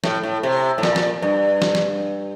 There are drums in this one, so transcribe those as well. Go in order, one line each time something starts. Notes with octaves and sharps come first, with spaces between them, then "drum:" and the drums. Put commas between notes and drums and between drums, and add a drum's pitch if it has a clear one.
A2, drum: snare
A2
C3
A2
A#2, drum: snare
drum: snare
G2
drum: snare
drum: snare